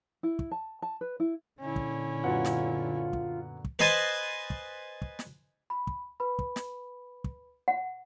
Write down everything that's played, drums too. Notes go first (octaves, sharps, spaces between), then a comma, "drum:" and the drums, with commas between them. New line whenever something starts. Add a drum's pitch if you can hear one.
E4
drum: kick
A5
A5
B4
E4
A#2 D3 C#4 E4
drum: kick
F#2 B3 F4 F#5
drum: snare
drum: kick
drum: kick
B4 C5 D#5 G#5 A5, drum: snare
drum: kick
drum: kick
drum: snare
B5
drum: kick
B4 B5
drum: kick
drum: snare
drum: kick
F#5